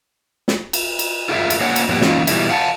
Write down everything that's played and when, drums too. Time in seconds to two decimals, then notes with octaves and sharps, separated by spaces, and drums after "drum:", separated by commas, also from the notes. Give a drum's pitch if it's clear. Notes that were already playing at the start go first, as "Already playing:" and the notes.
0.48 drum: snare
0.73 drum: cymbal
0.99 drum: cymbal
1.29 F4 G#4 A#4 E5
1.50 drum: cymbal
1.61 A#3 D4 C#5 F#5 G#5
1.76 drum: cymbal
1.89 A2 F3 A#3 B3 F4 G4
2.01 E3 A#3 C#4 D#4 F4, drum: snare
2.27 B2 E3 G3 E4, drum: cymbal
2.49 F5 F#5 G#5 A5